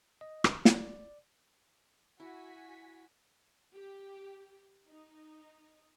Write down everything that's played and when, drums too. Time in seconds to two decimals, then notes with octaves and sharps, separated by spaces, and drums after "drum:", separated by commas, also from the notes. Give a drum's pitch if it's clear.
0.21 D#5
0.44 drum: rim click
0.65 D5, drum: snare
2.20 E4 F#4 G#5 B6
3.74 G4
4.89 D#4